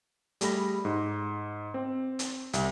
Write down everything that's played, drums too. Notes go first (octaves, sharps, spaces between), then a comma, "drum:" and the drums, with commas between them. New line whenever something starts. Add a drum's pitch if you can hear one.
G3 A3 G#4 B5 A#6, drum: hi-hat
G#2
C4
drum: hi-hat
C2, drum: hi-hat